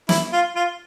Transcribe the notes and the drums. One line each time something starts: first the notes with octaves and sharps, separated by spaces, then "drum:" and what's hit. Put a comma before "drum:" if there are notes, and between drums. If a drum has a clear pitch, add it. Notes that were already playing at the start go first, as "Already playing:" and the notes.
E4, drum: snare
F4
F4